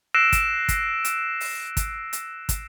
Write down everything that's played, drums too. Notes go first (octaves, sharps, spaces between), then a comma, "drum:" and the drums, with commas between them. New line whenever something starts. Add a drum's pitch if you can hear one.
E6 F#6 A#6 C7 D7 E7
drum: kick, hi-hat
drum: kick, hi-hat
drum: hi-hat
drum: open hi-hat
drum: kick, hi-hat
drum: hi-hat
drum: kick, hi-hat